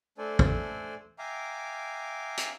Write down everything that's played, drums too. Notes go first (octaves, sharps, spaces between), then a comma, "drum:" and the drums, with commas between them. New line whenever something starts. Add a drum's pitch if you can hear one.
A3 D4 A4 C5 D5 G#5
drum: kick
E5 F5 G5 G#5 A#5 D6
drum: hi-hat